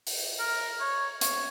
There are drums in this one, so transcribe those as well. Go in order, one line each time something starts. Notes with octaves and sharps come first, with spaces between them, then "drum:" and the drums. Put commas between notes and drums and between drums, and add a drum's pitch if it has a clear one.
drum: open hi-hat
A#4
C#5
C#5, drum: hi-hat